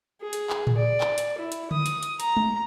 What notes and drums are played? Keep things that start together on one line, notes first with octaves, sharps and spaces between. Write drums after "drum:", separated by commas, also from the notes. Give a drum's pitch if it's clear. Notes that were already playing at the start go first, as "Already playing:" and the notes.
G#4
drum: hi-hat
drum: clap
drum: tom A2
D5
drum: clap
drum: hi-hat
E4
drum: hi-hat
D#6, drum: tom
drum: hi-hat
drum: hi-hat
A#5, drum: hi-hat
drum: tom